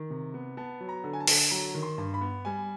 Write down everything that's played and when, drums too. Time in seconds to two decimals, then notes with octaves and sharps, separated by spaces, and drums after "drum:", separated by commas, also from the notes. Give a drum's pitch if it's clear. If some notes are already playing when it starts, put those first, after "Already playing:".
Already playing: D#3
0.10 C3
0.34 B3
0.57 B3 A5
0.81 F#3
0.89 A#5
1.04 D3
1.13 G#5
1.20 A5
1.27 D3, drum: open hi-hat
1.51 F#3 A#5
1.75 D#3
1.83 C6
1.98 G2
2.14 B5
2.21 B3
2.45 G3 G#5